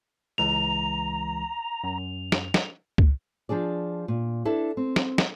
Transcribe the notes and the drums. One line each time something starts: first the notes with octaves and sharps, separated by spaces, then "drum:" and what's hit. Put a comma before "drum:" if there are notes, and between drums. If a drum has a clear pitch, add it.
C#2 E3 G#3 A#5 F7
F#2
drum: snare
drum: snare
drum: kick
F3 D4 G#4 D5
A#2
D4 E4 A4 B4
C4
drum: snare
drum: snare